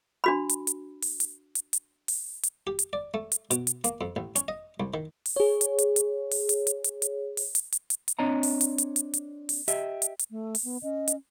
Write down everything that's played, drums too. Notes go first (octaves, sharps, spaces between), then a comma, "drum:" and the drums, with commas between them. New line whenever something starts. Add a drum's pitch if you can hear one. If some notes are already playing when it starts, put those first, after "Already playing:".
D4 F#4 B5
drum: hi-hat
drum: hi-hat
drum: open hi-hat
drum: hi-hat
drum: hi-hat
drum: hi-hat
drum: open hi-hat
drum: hi-hat
G4
drum: hi-hat
D5
A3
drum: hi-hat
B2, drum: hi-hat
drum: hi-hat
A#3, drum: hi-hat
F2
A1
C#4, drum: hi-hat
D#5
C2
D#3
drum: open hi-hat
G#4 C#5
drum: hi-hat
drum: hi-hat
drum: hi-hat
drum: open hi-hat
drum: hi-hat
drum: hi-hat
drum: hi-hat
drum: hi-hat
drum: open hi-hat
drum: hi-hat
drum: hi-hat
drum: hi-hat
drum: hi-hat
C4 D4 C#5 D#5 A#5
drum: open hi-hat
drum: hi-hat
drum: hi-hat
drum: hi-hat
drum: hi-hat
drum: open hi-hat
G4 D#5 E5, drum: hi-hat
drum: hi-hat
drum: hi-hat
A3
drum: open hi-hat
B3
C#4 D#5
drum: hi-hat